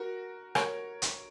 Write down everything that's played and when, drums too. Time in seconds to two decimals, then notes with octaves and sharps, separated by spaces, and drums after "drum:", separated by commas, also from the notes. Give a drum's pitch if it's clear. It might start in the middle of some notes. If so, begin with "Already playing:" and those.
Already playing: F#4 A#4
0.55 A#4 C#5, drum: rim click
1.02 drum: hi-hat